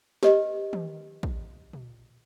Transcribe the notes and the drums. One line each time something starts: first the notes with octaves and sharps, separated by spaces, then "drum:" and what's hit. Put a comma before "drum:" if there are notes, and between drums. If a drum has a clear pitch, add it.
G4 B4 D#5, drum: snare
drum: tom
drum: kick
drum: tom A#2